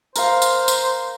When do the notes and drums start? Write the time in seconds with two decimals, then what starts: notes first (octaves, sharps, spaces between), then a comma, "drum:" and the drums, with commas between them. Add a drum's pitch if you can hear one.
0.16 A#4 C5 F5, drum: tambourine
0.42 drum: tambourine
0.68 drum: tambourine